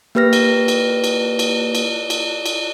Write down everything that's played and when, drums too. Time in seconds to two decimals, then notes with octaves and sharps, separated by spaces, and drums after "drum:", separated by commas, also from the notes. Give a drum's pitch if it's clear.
0.15 A#3 G4 B4 F6 A#6
0.33 drum: cymbal
0.68 drum: cymbal
1.04 drum: cymbal
1.39 drum: cymbal
1.75 drum: cymbal
2.10 drum: cymbal
2.46 drum: cymbal